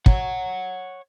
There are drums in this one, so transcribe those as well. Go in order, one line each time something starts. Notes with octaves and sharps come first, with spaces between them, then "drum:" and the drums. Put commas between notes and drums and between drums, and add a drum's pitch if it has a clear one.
C#5 F#5, drum: kick